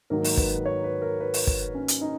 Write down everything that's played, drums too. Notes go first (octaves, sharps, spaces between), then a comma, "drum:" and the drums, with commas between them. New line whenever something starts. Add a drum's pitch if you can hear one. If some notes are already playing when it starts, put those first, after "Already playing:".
G#2 D#3 F#3 A#3 A#4
drum: open hi-hat
B4, drum: kick
C#5
B4
A#4
B4
drum: open hi-hat
drum: kick
C#4
drum: hi-hat
D#4